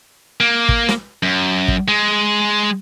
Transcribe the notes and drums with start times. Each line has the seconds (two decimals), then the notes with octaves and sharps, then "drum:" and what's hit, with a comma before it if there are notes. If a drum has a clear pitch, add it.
0.40 A#3
0.69 drum: kick
0.89 drum: snare
1.23 F#2
1.68 drum: kick
1.88 G#3